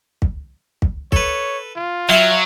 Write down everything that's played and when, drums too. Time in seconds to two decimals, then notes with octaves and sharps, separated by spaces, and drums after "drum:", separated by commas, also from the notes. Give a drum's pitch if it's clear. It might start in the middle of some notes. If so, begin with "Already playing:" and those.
0.22 drum: kick
0.82 drum: kick
1.12 A4 B4 C#5, drum: kick
1.76 F4
2.09 F#3 E5 F5 G5 C6